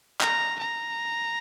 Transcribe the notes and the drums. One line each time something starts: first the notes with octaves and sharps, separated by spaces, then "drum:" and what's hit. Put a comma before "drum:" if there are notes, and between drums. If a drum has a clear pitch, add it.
A#5, drum: clap
A#5